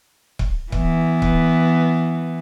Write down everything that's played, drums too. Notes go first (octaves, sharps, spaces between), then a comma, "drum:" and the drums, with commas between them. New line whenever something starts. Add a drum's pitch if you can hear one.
drum: kick C#1
E3 B3, drum: kick C#1
drum: kick C#1